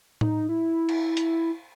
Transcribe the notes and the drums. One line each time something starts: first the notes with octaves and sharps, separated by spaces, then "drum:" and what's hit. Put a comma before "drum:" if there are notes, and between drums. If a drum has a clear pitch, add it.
D#4, drum: tom A2
E4
drum: cymbal
drum: hi-hat